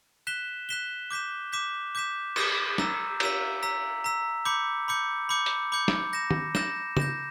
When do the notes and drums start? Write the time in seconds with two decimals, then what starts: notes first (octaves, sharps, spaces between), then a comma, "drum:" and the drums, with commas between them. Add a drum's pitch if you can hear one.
0.27 F#6 B6 E7 G7
0.69 F#6 B6 E7 G7
1.11 D6 G6 B6 E7
1.52 D6 G6 B6 E7
1.95 D6 G6 B6 E7
2.36 D6 G6 B6 E7, drum: cymbal
2.78 A#5 E6 B6, drum: snare
3.20 A#5 E6 B6, drum: cymbal
3.63 A#5 E6 B6
4.04 A#5 E6 B6
4.45 B5 D6 G6 C#7
4.88 B5 D6 G6 C#7
5.29 B5 D6 G6 C#7
5.46 drum: hi-hat
5.72 B5 D6 G6 C#7
5.88 drum: snare
6.13 G6 A#6 E7
6.31 drum: tom
6.55 G6 A#6 E7, drum: snare
6.97 G6 A#6 E7, drum: tom